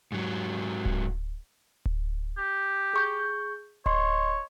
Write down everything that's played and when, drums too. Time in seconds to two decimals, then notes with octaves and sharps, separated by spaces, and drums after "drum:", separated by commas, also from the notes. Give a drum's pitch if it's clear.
0.12 G#2 F#3
0.85 drum: kick D1
1.85 drum: kick D1
2.37 G4
2.94 G#4 C#6 G6
3.86 C#5 D#5 C6, drum: kick D1